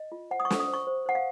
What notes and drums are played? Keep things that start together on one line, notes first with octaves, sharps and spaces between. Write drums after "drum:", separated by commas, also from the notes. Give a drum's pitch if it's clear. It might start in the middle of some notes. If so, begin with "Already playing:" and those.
Already playing: D#5
F4
C5 F#5
D#6
C#6
C5, drum: snare
D#6
C5
C#6
C5
C5 F#5
F5